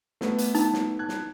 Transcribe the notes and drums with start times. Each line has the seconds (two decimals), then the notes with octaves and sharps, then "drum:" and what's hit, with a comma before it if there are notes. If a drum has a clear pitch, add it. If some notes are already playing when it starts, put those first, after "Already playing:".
0.21 A3 B3 B4, drum: snare
0.38 drum: hi-hat
0.55 D#4, drum: hi-hat
0.74 drum: snare
0.99 A5 F#6 G#6
1.09 drum: snare